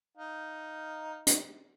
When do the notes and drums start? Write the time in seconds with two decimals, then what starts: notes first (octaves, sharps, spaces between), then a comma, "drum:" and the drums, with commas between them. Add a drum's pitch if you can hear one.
0.17 D#4 F5
1.27 drum: hi-hat